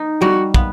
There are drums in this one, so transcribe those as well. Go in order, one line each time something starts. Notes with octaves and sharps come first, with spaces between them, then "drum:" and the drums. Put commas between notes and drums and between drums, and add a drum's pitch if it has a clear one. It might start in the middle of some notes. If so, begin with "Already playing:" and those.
Already playing: D#4
G3 F#4
B3, drum: kick